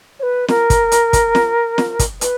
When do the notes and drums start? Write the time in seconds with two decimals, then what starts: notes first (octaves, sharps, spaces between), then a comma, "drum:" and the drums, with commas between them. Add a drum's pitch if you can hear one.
0.19 C#5
0.23 B4
0.48 A#4, drum: snare
0.70 drum: kick, hi-hat
0.92 drum: hi-hat
1.13 drum: kick, hi-hat
1.35 drum: snare
1.78 drum: snare
1.99 drum: kick, hi-hat
2.21 B4, drum: hi-hat